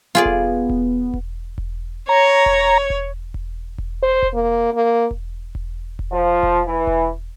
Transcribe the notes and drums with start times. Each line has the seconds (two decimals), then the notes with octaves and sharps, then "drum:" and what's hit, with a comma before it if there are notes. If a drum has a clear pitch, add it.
0.15 B3 F4 G#4 D5
0.25 drum: kick E1
0.70 drum: kick E1
1.14 drum: kick E1
1.58 drum: kick E1
2.09 C#5 A#5
2.46 drum: kick E1
2.90 drum: kick E1
3.34 drum: kick E1
3.78 drum: kick E1
4.03 C5
4.22 drum: kick E1
4.34 A#3
4.74 A#3
5.11 drum: kick E1
5.55 drum: kick E1
5.99 drum: kick E1
6.11 F3
6.43 drum: kick E1
6.65 E3
6.87 drum: kick E1